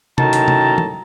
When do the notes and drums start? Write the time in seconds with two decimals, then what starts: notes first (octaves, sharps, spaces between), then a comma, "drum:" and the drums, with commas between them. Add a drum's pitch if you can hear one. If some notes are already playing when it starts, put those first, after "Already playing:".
0.18 F#2 A2 D#3 A5 A#5, drum: tom
0.33 drum: hi-hat
0.48 drum: tom
0.78 drum: tom